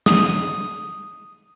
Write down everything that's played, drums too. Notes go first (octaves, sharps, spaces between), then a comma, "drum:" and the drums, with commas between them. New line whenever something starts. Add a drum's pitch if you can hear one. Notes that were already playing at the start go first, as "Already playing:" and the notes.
D#6, drum: snare